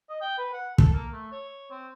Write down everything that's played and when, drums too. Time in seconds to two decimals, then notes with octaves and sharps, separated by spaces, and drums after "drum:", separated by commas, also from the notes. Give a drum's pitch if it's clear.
0.10 D#5
0.21 G5
0.38 B4
0.54 F#5
0.78 A4, drum: kick
0.94 A#3
1.13 A3
1.32 C#5
1.71 C4